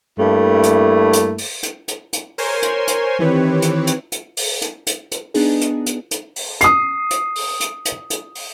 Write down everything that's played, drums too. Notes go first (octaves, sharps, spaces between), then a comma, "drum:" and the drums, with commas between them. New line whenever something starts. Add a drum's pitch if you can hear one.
G2 A3 A#3 E4
drum: hi-hat
drum: hi-hat
drum: open hi-hat
drum: hi-hat
drum: hi-hat
drum: hi-hat
A#4 C5 C#5 G#5 C6, drum: open hi-hat
drum: hi-hat
drum: hi-hat
D#3 E3 C4 G4 B4 C#5
drum: hi-hat
drum: hi-hat
drum: hi-hat
drum: open hi-hat
drum: hi-hat
drum: hi-hat
drum: hi-hat
B3 D4 D#4 G#4, drum: open hi-hat
drum: hi-hat
drum: hi-hat
drum: hi-hat
drum: open hi-hat
D#6 C7, drum: hi-hat
drum: hi-hat
drum: open hi-hat
drum: hi-hat
drum: hi-hat
drum: hi-hat
drum: open hi-hat